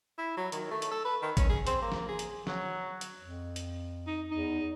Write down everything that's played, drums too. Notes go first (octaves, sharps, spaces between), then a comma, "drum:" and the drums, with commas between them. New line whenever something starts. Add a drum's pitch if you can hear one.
E4
F#3
D#3, drum: hi-hat
A3
drum: hi-hat
A4
B4
D#3
C#4, drum: kick, hi-hat
G#4
C4, drum: hi-hat
A#3
drum: snare
G#4
drum: hi-hat
F#3, drum: snare
drum: hi-hat
F2
drum: hi-hat
D#4
E2 D#4